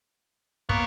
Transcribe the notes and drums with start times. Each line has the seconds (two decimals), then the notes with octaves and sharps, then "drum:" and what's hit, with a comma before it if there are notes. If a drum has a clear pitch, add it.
0.69 A#3 B3 A#4 C#5, drum: kick